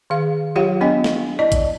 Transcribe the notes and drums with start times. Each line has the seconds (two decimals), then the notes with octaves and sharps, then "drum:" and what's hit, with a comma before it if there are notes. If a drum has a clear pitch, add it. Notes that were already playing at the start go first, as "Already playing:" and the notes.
0.10 D#3 G#4 F5
0.55 F#3 F4 G4 C#5 F5 F#5
0.81 B3 D4 D#5 F#5 G5
1.04 drum: snare
1.39 E4 D5 D#5 A5
1.52 drum: kick A1, hi-hat